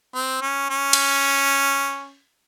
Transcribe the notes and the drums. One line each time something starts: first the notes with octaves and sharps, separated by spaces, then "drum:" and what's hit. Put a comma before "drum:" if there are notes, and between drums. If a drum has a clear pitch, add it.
C4
C#4
C#4
drum: cymbal